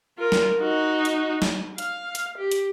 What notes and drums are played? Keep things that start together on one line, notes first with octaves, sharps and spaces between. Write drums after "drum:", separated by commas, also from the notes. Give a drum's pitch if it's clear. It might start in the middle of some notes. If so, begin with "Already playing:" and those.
F4 A#4
drum: snare
D#4 F#4
drum: hi-hat
drum: snare
F5, drum: hi-hat
drum: hi-hat
G4
drum: hi-hat